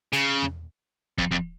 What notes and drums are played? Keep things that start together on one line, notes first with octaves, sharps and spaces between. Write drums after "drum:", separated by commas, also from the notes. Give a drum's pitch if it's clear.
C#3, drum: hi-hat
drum: tom E2
F2, drum: kick E1
F2